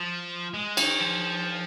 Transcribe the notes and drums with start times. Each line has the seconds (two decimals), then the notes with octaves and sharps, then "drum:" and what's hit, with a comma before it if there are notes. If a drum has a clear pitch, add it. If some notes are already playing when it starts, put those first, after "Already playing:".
Already playing: F3
0.54 G#3
0.77 D#3, drum: cymbal
1.00 F3